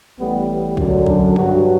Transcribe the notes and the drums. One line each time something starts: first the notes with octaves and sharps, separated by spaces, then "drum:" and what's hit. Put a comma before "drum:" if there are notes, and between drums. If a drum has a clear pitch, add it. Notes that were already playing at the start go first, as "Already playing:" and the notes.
A1 A2 G3 B3
F#2 D3 F#3, drum: kick B1
D4, drum: kick B1
G2 F#3 F#4, drum: tom D3